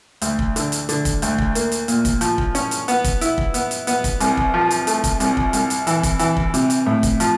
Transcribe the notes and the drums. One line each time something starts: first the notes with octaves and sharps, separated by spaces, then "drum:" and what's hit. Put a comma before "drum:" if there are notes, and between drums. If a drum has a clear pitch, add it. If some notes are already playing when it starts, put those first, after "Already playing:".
D2, drum: hi-hat
drum: kick
D3, drum: hi-hat
drum: hi-hat
D3, drum: hi-hat
drum: kick, hi-hat
D2, drum: hi-hat
drum: kick
A#3, drum: hi-hat
drum: hi-hat
A#2, drum: hi-hat
drum: kick, hi-hat
F3, drum: hi-hat
drum: kick
C#4, drum: hi-hat
drum: hi-hat
B3, drum: hi-hat
drum: kick, hi-hat
E4, drum: hi-hat
drum: kick
B3, drum: hi-hat
drum: hi-hat
B3, drum: hi-hat
drum: kick, hi-hat
C2, drum: hi-hat
drum: kick
F3
drum: hi-hat
A3, drum: hi-hat
drum: kick, hi-hat
C2, drum: hi-hat
drum: kick
C2, drum: hi-hat
drum: hi-hat
E3, drum: hi-hat
drum: kick, hi-hat
E3, drum: hi-hat
drum: kick
C3, drum: hi-hat
drum: hi-hat
A2
drum: kick, hi-hat
F3, drum: hi-hat